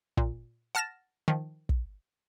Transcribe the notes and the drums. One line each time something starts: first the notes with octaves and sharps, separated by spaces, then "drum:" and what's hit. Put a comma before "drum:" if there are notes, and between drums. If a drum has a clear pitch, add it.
A#2, drum: kick
F#5 A5 F6 A6 A#6 E7
D#3 F3
drum: kick